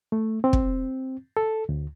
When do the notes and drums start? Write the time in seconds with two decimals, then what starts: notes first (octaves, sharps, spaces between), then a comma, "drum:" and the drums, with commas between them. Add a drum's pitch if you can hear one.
0.12 A3
0.44 C4
0.53 drum: kick
1.37 A4
1.69 D2